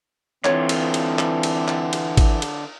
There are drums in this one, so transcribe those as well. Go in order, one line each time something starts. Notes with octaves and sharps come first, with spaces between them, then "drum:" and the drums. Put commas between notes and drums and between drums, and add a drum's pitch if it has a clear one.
D3 E3 C4 F4 C#5, drum: clap
drum: cymbal
drum: cymbal
drum: clap
drum: cymbal
drum: clap
drum: cymbal
drum: kick G#1, cymbal
drum: cymbal